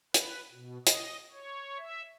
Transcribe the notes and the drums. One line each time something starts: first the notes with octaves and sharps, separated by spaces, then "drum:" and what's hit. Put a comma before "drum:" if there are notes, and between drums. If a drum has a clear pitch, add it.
B4, drum: hi-hat
B2
D#5, drum: hi-hat
C#5
E5